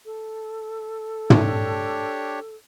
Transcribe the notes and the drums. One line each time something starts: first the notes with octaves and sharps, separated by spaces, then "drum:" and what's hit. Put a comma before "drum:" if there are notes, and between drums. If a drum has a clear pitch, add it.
A4
D4 G4 C#5, drum: tom